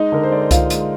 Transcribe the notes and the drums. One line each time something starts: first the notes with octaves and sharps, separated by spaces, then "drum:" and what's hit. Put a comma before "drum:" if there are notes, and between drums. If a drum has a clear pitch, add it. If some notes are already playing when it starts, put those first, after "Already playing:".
Already playing: G#3 D#4 D#5
D3 A#4
C5
G#3 D5
D#5
D3 F4 F5, drum: kick C2, hi-hat
G#3, drum: hi-hat